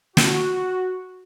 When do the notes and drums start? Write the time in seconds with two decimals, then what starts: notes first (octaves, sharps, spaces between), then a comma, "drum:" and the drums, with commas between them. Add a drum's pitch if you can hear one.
0.17 F#4, drum: snare